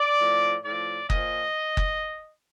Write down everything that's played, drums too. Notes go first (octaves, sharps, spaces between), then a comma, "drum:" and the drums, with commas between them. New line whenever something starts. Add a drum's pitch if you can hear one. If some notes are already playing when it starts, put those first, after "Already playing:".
Already playing: D5
A2 F3
A2 F3 D5
A#2 F3 D#5, drum: kick F#1
drum: kick F#1